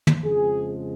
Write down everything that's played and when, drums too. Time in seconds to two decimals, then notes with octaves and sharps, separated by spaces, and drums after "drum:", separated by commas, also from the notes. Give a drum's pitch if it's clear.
0.07 drum: tom
0.24 F2 C#3 F3 G#3 G#4